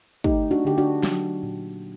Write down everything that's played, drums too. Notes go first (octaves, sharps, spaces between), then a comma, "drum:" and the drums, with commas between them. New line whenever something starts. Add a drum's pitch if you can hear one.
A3 D#4 G4, drum: kick
D4 F#4
D3 G4
D4 F#4
F#3, drum: snare
A#2